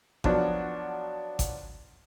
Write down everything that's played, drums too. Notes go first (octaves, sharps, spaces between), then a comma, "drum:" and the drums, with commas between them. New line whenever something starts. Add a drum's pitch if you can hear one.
F3 F#3 B3 D4 F#4, drum: kick G#1
drum: kick G#1, hi-hat